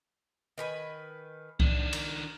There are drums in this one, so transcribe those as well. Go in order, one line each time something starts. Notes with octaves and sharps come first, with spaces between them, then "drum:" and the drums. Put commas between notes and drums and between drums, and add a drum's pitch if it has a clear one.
D#3 B4 G#5
D#3 D4, drum: kick C2
A#4, drum: cymbal